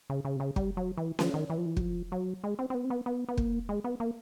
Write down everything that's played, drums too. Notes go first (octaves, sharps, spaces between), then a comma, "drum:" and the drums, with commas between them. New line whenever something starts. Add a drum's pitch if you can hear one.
C#3
C#3
C3
C#3
G3, drum: kick
F#3
E3
F3, drum: snare C#4
D#3
E3
F3
E3
F#3, drum: kick
F3
F#3
G#3
C4
C4
B3
C4
B3
B3
B3
A#3, drum: kick
G#3
B3
A#3